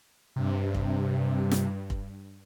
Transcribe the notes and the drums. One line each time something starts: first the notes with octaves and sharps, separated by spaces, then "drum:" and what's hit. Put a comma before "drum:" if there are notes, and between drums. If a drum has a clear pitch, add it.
G2 C3
drum: kick
drum: snare
drum: kick